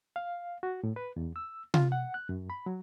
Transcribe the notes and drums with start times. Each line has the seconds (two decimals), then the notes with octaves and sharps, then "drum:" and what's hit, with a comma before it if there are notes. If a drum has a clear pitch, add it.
0.16 F5
0.63 F#4
0.83 A2
0.96 B4
1.16 E2
1.36 E6
1.74 F4, drum: tom C3
1.92 F#5
2.14 F#6
2.29 F#2
2.50 B5
2.66 F#3